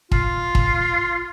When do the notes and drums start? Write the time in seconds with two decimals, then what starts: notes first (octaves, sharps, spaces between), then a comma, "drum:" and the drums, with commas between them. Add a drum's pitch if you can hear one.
0.12 F4, drum: kick
0.55 drum: kick